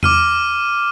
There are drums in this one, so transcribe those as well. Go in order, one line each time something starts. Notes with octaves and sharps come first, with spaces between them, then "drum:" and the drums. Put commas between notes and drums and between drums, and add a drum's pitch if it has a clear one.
D6 F6 D#7, drum: tom E2